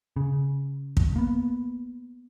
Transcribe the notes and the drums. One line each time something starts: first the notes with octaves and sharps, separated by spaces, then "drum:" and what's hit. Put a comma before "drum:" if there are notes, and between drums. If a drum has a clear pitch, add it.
C#3
drum: kick
A#3 B3